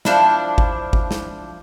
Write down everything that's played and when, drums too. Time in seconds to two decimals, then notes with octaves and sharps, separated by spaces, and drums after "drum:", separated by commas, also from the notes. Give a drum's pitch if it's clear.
0.05 F3 D4 E4, drum: snare
0.58 drum: kick
0.93 drum: kick
1.11 drum: snare